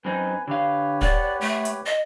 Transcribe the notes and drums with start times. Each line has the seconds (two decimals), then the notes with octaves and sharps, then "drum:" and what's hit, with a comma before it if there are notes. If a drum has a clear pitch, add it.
0.05 F#2 C4 D#4 B4 G#5
0.47 D3 G4 B4 C#5 F5
1.01 D5 F#5, drum: kick
1.41 A3
1.65 drum: hi-hat
1.86 D#5